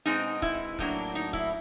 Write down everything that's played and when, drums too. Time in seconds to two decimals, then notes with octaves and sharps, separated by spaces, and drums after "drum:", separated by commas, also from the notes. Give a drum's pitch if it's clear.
0.06 B2 G#3 C4 D#4
0.42 E4, drum: kick C#1
0.79 A2 F#3 A#3 D4, drum: kick C#1
1.15 D#4
1.33 E4, drum: kick C#1